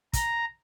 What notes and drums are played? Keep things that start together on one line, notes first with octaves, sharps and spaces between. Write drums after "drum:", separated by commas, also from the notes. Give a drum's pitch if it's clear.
A#5, drum: kick, hi-hat